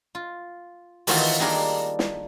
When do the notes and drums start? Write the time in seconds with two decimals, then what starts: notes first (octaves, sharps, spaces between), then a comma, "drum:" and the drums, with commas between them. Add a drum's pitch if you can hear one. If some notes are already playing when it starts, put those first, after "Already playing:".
0.15 F4
1.07 D#3 E3 A3 F4 F#4, drum: open hi-hat
1.40 D#3 G3 A#3 D4 G#4 A#4
1.99 drum: snare